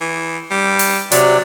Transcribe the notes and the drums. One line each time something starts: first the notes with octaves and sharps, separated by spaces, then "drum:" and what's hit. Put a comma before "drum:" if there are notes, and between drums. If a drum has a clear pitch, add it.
E3
G3
drum: open hi-hat
C3 F#3 D5, drum: hi-hat